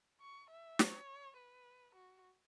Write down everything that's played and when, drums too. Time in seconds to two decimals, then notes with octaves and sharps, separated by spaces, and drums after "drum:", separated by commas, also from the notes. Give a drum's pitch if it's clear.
0.21 C#6
0.51 E5
0.79 C#5, drum: snare
1.37 B4
1.95 F#4